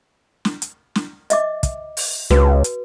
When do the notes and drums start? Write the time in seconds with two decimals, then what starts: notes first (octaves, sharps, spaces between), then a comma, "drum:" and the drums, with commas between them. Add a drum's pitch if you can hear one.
0.45 drum: snare
0.62 drum: hi-hat
0.95 drum: snare
1.30 D#5 E5 D6, drum: hi-hat
1.63 drum: kick, hi-hat
1.97 drum: open hi-hat
2.30 C#2 F#4 B4, drum: snare
2.64 drum: hi-hat